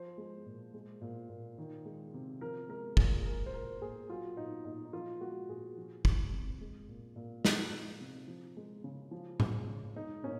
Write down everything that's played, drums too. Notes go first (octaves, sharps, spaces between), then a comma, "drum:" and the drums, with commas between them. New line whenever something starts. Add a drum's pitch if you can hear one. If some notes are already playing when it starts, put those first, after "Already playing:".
Already playing: F3 C5
G#3
A#2
G#3
A#2
A#2
D#3
G#3
C3
F3 A#4
G#3 A#4
A#2 G#4, drum: kick
G#3 A#4
C5
A#2 A#4
A#2 G#4
F#3 F4
A#2 D#4
A#2 D#4
D#4
F3 F4
G#3 F#4
A#2 G#4
F3
G#3, drum: kick
C3
G#3
A#2
A#2
F3 D#4, drum: snare
G#3
C3
F3
G#3
C#3
F3
G#3, drum: tom A2
C#3
G#3 D#4
A#2 C#4